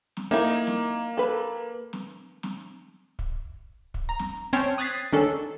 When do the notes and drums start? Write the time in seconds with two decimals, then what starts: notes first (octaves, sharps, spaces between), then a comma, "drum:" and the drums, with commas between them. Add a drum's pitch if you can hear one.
0.17 drum: snare
0.31 A#3 D#4 E4 A#4
0.67 drum: snare
1.17 A4 B4
1.93 drum: snare
2.43 drum: snare
3.19 drum: kick
3.94 drum: kick
4.09 A#5
4.19 drum: snare
4.53 C4 C#4 C5 C#5 G5 A5
4.78 D#6 F#6 G#6 A6 B6 C7
5.13 D#3 C#4 D4 A4